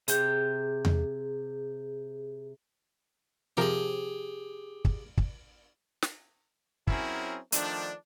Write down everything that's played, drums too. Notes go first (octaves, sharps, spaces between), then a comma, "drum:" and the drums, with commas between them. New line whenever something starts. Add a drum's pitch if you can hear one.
C3 G#4 G5, drum: hi-hat
drum: tom E2
C3 F3 G4 G#4 A#4
drum: kick
drum: kick
drum: snare
F#3 C4 C#4 E4 G#4 A#4, drum: kick
D#3 F3 A3 D4, drum: hi-hat